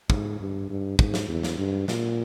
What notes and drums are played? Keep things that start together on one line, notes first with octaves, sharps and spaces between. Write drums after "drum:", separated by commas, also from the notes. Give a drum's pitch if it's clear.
G#2, drum: kick
G2
G2
G#2, drum: kick
drum: snare
E2
drum: snare
G2
A#2, drum: snare